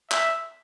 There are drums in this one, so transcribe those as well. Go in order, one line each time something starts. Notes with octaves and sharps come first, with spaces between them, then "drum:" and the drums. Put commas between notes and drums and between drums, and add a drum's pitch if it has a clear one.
E5, drum: clap